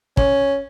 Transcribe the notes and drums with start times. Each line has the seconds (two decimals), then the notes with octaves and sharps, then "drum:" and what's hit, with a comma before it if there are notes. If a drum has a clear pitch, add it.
0.17 C#4, drum: kick